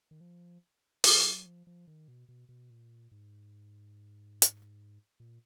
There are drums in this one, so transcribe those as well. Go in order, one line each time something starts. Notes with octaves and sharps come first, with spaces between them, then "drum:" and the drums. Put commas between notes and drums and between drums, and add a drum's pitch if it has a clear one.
D#3
F3
F3, drum: open hi-hat
F#3
F3
F3
D#3
B2
B2
B2
A#2
G#2
drum: hi-hat
A#2